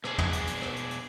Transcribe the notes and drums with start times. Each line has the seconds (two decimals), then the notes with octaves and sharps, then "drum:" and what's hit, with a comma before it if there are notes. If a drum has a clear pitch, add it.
0.04 B2 D4 G#4, drum: rim click
0.18 drum: tom
0.33 drum: hi-hat
0.47 drum: hi-hat
0.62 drum: rim click
0.76 drum: hi-hat
0.91 drum: hi-hat